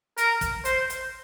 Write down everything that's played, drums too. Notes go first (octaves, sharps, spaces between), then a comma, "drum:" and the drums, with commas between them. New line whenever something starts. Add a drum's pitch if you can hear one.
A#4, drum: hi-hat
drum: kick, hi-hat
C5, drum: hi-hat
drum: hi-hat